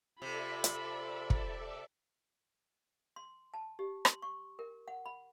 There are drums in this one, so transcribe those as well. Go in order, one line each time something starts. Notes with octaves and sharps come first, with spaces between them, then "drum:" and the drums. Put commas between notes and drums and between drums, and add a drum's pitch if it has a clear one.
C3 F4 A4 D5 E5 B5
drum: hi-hat
drum: kick
C6
A5
G4
C6, drum: rim click
C#6
A#4
F#5
B5